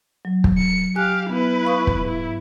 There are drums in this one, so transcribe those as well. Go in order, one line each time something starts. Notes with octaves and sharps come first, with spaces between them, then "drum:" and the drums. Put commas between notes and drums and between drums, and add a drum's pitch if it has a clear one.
F#3
drum: kick
C#7
G4 F5 G#5 F#6
B3 E4 B4
F5 C#6 D#6
drum: kick
G#2 E4